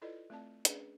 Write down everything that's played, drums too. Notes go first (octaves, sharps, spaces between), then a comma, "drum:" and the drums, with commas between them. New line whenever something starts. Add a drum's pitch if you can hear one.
E4 F4 A4 B4 D5 D#5
A3 C4 D5 A5
C#4 D4 G#4 B4, drum: hi-hat